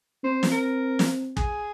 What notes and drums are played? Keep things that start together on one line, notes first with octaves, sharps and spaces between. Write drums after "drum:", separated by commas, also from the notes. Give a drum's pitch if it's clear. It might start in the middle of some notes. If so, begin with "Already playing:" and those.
C4 C5
drum: snare
A#4
drum: snare
G#4, drum: kick